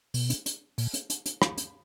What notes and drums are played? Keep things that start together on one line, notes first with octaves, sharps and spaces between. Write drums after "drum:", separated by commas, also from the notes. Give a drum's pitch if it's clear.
B2, drum: open hi-hat
drum: hi-hat
drum: hi-hat
A#2, drum: open hi-hat
drum: hi-hat
drum: hi-hat
drum: hi-hat
drum: rim click
drum: hi-hat